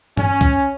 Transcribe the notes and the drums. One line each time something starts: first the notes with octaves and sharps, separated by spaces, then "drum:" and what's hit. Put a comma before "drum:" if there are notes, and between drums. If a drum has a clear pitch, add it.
C#4, drum: tom G2
drum: kick C2